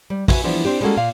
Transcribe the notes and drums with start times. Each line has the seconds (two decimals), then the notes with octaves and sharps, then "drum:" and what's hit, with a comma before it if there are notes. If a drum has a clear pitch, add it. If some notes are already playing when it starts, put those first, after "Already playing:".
0.10 G3
0.28 E4 F#4 B4 E5 G#5, drum: kick, open hi-hat
0.44 E3 F3 G3 B3 D4 E4
0.65 C4 D4 G4
0.81 G3 G#3 A#3 C#4 F#4 A4
0.97 A#2 F5